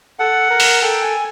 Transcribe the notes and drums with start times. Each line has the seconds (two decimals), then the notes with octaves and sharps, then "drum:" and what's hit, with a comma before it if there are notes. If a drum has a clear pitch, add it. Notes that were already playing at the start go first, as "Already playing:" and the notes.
0.19 A4 F#5
0.50 A#4
0.60 drum: open hi-hat
0.82 A4 G5
1.02 G#5